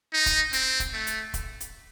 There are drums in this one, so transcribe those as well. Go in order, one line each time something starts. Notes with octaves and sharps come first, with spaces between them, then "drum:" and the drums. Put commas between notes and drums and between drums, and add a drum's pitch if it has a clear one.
D#4
drum: kick, hi-hat
C4, drum: hi-hat
drum: kick, hi-hat
A3
drum: hi-hat
drum: kick, hi-hat
drum: hi-hat